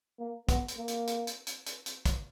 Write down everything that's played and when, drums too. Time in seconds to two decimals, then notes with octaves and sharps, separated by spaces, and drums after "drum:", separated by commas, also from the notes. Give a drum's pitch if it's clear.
0.19 A#3
0.49 B3, drum: kick, hi-hat
0.68 drum: hi-hat
0.78 A#3
0.88 drum: hi-hat
1.07 drum: hi-hat
1.27 drum: hi-hat
1.47 drum: hi-hat
1.66 drum: hi-hat
1.86 drum: hi-hat
2.05 drum: kick, hi-hat